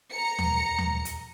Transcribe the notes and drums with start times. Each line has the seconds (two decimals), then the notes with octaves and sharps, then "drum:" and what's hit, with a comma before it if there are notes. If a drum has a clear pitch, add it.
0.12 A#5 C#7
0.39 drum: tom D#2
0.79 drum: tom D#2
1.05 drum: hi-hat